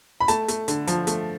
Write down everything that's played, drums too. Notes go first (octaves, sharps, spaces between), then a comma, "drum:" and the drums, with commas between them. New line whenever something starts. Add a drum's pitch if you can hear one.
B5
A3 A5, drum: hi-hat
A3, drum: hi-hat
D3, drum: hi-hat
F3, drum: hi-hat
A3, drum: hi-hat